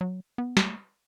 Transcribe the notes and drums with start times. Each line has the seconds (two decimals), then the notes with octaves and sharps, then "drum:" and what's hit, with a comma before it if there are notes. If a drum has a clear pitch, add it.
0.01 F#3
0.38 B3
0.57 A3, drum: snare